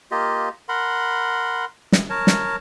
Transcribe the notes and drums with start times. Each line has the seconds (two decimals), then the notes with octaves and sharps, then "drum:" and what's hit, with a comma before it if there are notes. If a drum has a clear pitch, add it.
0.11 A#3 F4 G4 D#5
0.69 A#4 F#5 B5 C6
1.92 drum: snare
2.10 A#4 C#5 A5
2.27 drum: snare